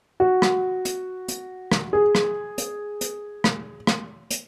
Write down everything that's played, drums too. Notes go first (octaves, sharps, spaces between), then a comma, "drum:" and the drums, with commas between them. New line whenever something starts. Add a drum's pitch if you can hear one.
F#4
drum: rim click
drum: hi-hat
drum: hi-hat
drum: rim click
G#4
drum: rim click
drum: hi-hat
drum: hi-hat
drum: rim click
drum: rim click
drum: hi-hat